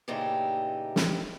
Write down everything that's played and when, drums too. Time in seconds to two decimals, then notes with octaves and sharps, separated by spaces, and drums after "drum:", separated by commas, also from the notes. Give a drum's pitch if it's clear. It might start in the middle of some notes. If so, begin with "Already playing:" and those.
0.08 A#2 C#3 E3 A3 D#4 G4
0.96 drum: snare